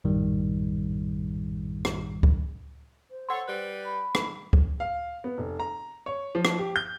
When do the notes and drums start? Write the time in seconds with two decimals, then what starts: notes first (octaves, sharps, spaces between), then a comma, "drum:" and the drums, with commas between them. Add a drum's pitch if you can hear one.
0.04 A#1 F#2 A2 D#3 G3
1.85 drum: rim click
2.23 drum: kick C#2
3.10 C5
3.29 A4 C#5 F#5 C6
3.48 G3 B4
3.84 B5
4.15 drum: rim click
4.53 drum: kick C#2
4.80 F5
5.24 B3
5.38 F1
5.60 A#5
6.06 C#5
6.35 F3
6.45 drum: rim click
6.59 G4
6.76 G6